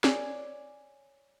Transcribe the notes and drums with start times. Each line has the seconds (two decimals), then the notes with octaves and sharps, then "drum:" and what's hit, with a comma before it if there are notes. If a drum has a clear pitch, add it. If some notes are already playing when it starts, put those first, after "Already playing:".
0.04 C#5 D5 G#5, drum: snare